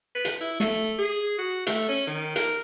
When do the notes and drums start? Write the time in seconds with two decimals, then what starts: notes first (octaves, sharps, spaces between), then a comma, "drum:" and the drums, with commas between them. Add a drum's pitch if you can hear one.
0.15 B4
0.25 drum: hi-hat
0.41 E4
0.60 A3, drum: snare
0.98 G#4
1.38 F#4
1.66 A3, drum: hi-hat
1.89 C#4
2.07 D#3
2.36 A#4, drum: hi-hat